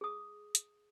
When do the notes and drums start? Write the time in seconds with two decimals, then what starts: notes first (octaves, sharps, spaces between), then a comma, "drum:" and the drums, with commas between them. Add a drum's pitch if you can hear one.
0.01 G#4 D#6
0.55 drum: hi-hat